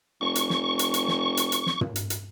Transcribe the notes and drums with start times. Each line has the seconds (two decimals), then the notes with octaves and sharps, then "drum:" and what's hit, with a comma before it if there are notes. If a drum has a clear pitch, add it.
0.21 F1 C#6
0.35 drum: hi-hat
0.50 drum: snare
0.79 drum: hi-hat
0.94 drum: hi-hat
1.08 drum: snare
1.37 drum: hi-hat
1.52 drum: hi-hat
1.66 drum: snare
1.81 drum: tom
1.96 drum: hi-hat
2.10 drum: hi-hat